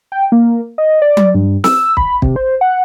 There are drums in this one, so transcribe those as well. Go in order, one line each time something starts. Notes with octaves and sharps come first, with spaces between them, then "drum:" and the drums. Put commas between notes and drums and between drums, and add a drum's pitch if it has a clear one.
G5
A#3
D#5
D5
drum: tom F#3
G2
E6, drum: snare
B5, drum: kick
C3, drum: kick
C5
F#5